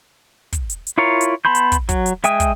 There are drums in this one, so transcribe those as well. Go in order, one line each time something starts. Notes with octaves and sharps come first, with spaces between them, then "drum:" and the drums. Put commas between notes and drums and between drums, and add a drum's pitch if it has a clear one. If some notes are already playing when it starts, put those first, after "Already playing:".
drum: kick, hi-hat
drum: hi-hat
drum: hi-hat
E4 F4 A#4 C#5
drum: hi-hat
B3 A5 B5 C6 G6
drum: hi-hat
drum: kick, hi-hat
F#3, drum: kick, hi-hat
drum: hi-hat
G#3 E5 G5 G#5 D#6, drum: hi-hat
drum: kick, hi-hat